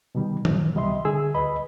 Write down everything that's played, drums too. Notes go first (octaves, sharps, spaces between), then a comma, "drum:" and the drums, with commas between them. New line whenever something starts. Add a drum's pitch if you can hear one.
B2 D#3 G3
F#2 A#2 F#3, drum: tom D#3
C2 B2 G3 D#5 E5 C6
D3 G#4 E6
D2 B4 D#5 B5